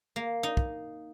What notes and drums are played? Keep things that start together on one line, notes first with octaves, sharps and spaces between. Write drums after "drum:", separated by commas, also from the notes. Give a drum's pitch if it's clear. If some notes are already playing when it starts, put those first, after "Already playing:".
A#3
D#4
drum: kick